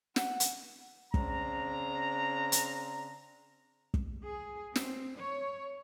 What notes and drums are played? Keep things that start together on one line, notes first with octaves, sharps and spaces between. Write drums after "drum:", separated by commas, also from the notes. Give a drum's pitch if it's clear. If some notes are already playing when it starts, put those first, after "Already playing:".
F#5, drum: snare
drum: hi-hat
C#3 C4 D4 A#5, drum: kick
drum: hi-hat
drum: kick
G#4
C4, drum: snare
C#5